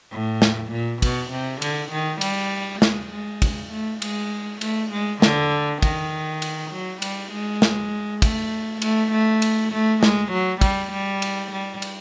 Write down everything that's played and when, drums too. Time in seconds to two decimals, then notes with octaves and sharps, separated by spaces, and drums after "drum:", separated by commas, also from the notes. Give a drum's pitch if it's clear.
0.12 A2
0.42 drum: snare
0.72 A#2
1.02 B2, drum: kick, cymbal
1.31 C3
1.62 D3, drum: cymbal
1.92 D#3
2.21 G3, drum: cymbal
2.82 G#3, drum: snare
3.12 G#3
3.42 drum: kick, cymbal
3.71 A3
4.02 G#3, drum: cymbal
4.61 A3, drum: cymbal
4.92 G#3
5.22 D3, drum: snare
5.82 D#3, drum: kick, cymbal
6.42 drum: cymbal
6.71 F#3
7.02 G3, drum: cymbal
7.32 G#3
7.62 drum: snare
8.22 A3, drum: kick, cymbal
8.82 A3, drum: cymbal
9.11 A3
9.42 drum: cymbal
9.73 A3
10.03 G#3, drum: snare
10.32 F#3
10.61 G3, drum: kick, cymbal
10.92 G3
11.22 drum: cymbal
11.51 G3
11.82 drum: cymbal